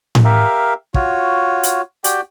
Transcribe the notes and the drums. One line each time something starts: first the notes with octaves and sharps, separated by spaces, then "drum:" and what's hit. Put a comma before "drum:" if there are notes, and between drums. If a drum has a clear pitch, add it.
drum: tom A2
G4 A#4 E5 F5
F4 F#4 C#5, drum: kick
drum: hi-hat
F#4 G4 D5 G5, drum: hi-hat